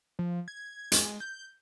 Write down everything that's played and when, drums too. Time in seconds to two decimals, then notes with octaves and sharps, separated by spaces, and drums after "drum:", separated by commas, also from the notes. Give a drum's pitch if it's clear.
0.19 F3
0.48 G#6
0.92 G#3, drum: hi-hat
1.20 G6